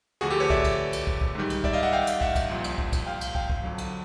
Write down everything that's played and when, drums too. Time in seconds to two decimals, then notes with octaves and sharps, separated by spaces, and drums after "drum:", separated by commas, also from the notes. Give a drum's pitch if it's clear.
0.21 D2 D3 F3 F#4 G#4
0.30 G4 A4
0.40 B4 C#5
0.50 D5 E5, drum: kick
0.64 drum: kick, cymbal
0.93 drum: cymbal
1.07 drum: kick
1.21 drum: kick
1.35 G#2 D#3 G3
1.50 drum: cymbal
1.64 D5 E5, drum: kick
1.73 D#5 F5
1.83 E5 F#5
1.93 F5 G5
2.07 drum: cymbal
2.21 E5 F#5, drum: kick
2.35 drum: kick, cymbal
2.49 C2 A#2 F3
2.64 drum: cymbal
2.78 drum: kick
2.93 drum: kick, cymbal
3.06 F5 G5
3.21 drum: cymbal
3.35 F5 G5, drum: kick
3.50 drum: kick
3.64 F2 D3 F#3
3.78 drum: cymbal